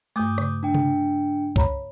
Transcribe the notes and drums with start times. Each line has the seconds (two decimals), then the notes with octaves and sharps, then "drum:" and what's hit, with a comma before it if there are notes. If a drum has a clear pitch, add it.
0.16 G2 A3 D6 D#6 G6
0.38 C#3, drum: rim click
0.63 D4 G5
0.75 drum: tom C3
1.56 C#5 A#5 B5, drum: kick